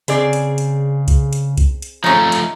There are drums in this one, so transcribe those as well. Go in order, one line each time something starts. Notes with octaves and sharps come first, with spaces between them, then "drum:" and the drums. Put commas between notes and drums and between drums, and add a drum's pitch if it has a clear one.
C#3 C4 G#4 D5, drum: hi-hat
drum: hi-hat
drum: hi-hat
drum: kick C2, hi-hat
drum: hi-hat
drum: kick C2, hi-hat
drum: hi-hat
F3 A3 C#4 D#4
drum: hi-hat